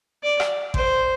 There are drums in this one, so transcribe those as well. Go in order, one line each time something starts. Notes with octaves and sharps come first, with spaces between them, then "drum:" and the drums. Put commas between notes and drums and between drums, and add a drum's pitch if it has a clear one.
D5
drum: rim click
C5, drum: kick A1